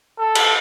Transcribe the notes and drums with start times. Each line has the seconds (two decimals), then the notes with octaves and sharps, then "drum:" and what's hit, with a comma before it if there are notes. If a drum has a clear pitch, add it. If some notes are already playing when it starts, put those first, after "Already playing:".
0.18 A4
0.35 drum: cymbal